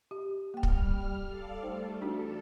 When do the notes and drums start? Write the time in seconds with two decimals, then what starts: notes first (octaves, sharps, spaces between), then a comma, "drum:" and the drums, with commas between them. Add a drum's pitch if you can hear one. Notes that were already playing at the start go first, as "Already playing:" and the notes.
0.11 G4
0.54 G3 A#3 G5 F6
0.63 drum: kick
1.25 A4 D5 F5
1.63 G3 A3 D#4 C5 G5
2.02 E2 D4 D#4 F#4 A4